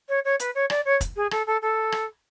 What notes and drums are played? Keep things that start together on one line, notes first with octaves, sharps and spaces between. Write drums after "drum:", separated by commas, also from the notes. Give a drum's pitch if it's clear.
C#5
C#5
B4, drum: hi-hat
C#5
D5, drum: rim click
C#5
drum: kick, hi-hat
G#4
A4, drum: rim click
A4
A4
drum: rim click